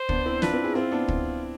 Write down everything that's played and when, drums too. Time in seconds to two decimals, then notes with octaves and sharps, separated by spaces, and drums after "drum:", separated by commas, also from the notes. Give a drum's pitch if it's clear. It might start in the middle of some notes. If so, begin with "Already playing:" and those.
Already playing: C5
0.09 B3 D4, drum: kick
0.26 C4 E4
0.42 D4 F4 B4, drum: snare
0.53 C4 E4
0.64 E4 G#4
0.75 C4 E4 F4
0.92 B3 D4
1.08 drum: kick